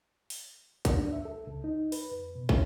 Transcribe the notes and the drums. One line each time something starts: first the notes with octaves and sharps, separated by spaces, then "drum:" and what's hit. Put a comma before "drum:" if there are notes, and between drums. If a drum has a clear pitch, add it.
drum: open hi-hat
drum: kick, hi-hat
D4
E5
A4
C#2
D#4
B4, drum: open hi-hat
F2
B2
C#4, drum: kick